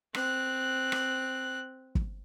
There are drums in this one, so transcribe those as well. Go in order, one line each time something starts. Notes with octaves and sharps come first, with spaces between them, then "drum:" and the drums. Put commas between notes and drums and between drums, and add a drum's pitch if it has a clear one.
C4 F#6, drum: rim click
drum: rim click
drum: kick